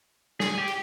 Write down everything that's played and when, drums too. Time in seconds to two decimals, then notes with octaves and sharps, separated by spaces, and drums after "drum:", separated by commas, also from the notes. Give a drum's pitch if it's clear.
0.40 G#4, drum: snare
0.58 G4
0.68 drum: cymbal